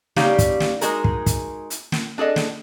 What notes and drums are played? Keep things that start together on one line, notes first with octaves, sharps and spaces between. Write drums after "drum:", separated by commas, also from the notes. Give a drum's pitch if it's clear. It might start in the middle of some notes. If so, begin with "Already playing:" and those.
C#3 G3 A#3 D#4 G4 F5, drum: snare
drum: kick, hi-hat
drum: snare
G#3 D#4 F#4 G#4 A#4, drum: hi-hat
drum: kick
drum: kick, hi-hat
drum: hi-hat
drum: snare
D4 G#4 A4 D#5
drum: snare